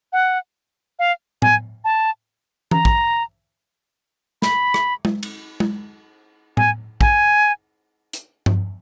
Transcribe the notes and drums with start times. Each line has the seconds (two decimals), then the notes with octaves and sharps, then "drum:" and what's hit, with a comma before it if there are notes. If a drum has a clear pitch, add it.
0.13 F#5
0.99 F5
1.42 G#5, drum: tom A2
1.84 A5
2.71 A#5, drum: tom E3
2.85 drum: kick
4.42 B5, drum: snare
4.74 drum: rim click
5.05 drum: tom G#3
5.23 drum: cymbal
5.60 drum: tom G#3
6.57 G#5, drum: tom A2
7.01 G#5, drum: kick
8.13 drum: hi-hat
8.46 drum: tom G2